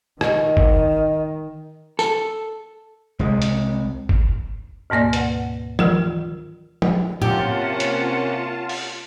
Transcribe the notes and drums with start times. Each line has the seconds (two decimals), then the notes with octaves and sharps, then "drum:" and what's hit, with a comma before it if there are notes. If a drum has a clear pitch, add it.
0.21 D#3 D#5, drum: rim click
0.57 drum: kick
1.99 A4, drum: tambourine
3.19 C2 G#3
3.42 drum: hi-hat
4.09 drum: kick
4.90 D2 G#2 B2 A#3 D5
5.13 B4 F#5, drum: hi-hat
5.79 D#3 E3 F4 A#4, drum: tom
6.82 drum: tom
7.22 C3 A#3 C#4 F4 G4 F#5 A5, drum: tom
7.80 drum: hi-hat
8.69 drum: open hi-hat